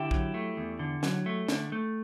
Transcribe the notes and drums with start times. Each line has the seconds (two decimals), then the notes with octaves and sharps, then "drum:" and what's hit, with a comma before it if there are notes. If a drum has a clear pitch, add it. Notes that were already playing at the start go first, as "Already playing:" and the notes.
Already playing: D3 E4 G4
0.11 F#3, drum: kick
0.34 A3
0.57 E2
0.79 D3
1.03 F#3, drum: snare
1.26 A3
1.48 D3, drum: snare
1.72 A3